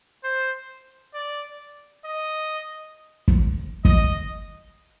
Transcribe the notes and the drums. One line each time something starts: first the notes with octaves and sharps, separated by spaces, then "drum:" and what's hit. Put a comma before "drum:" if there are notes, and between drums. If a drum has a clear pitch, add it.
C5
D5
D#5
drum: kick
D#5, drum: kick